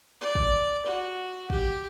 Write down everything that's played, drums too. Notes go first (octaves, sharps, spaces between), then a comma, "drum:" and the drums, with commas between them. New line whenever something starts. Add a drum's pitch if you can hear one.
D5
drum: kick
F#4
G4, drum: kick